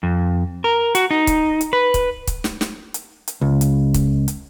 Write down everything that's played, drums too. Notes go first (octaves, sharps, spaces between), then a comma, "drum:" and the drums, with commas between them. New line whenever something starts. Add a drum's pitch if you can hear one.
F2
A#4
F#4, drum: hi-hat
D#4
drum: kick, hi-hat
drum: hi-hat
B4
drum: kick, hi-hat
drum: kick, hi-hat
drum: snare
drum: snare
drum: hi-hat
drum: hi-hat
C#2
drum: hi-hat
drum: kick, hi-hat
drum: hi-hat